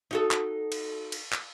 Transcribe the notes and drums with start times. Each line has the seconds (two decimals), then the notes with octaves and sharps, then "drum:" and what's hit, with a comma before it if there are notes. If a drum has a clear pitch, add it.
0.11 D#4 F#4 A4
0.31 drum: clap
0.72 drum: cymbal
1.12 drum: cymbal
1.33 drum: clap